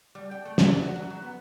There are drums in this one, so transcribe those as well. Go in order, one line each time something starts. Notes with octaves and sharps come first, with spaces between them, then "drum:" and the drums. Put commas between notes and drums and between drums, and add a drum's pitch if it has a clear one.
G3
G5
A3
G3, drum: snare
E3
F#4
F#3
F#3
B3